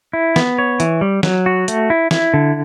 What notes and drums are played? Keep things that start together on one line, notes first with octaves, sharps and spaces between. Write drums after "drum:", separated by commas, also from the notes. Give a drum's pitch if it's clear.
E4
B3, drum: snare
C#5
E3, drum: hi-hat
G3
F#3, drum: snare
F#4
A3, drum: hi-hat
E4
E4, drum: snare
D3